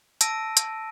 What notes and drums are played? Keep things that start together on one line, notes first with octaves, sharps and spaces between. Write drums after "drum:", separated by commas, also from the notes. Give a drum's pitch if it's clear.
A5 E6 A#6 D7 D#7, drum: hi-hat
drum: hi-hat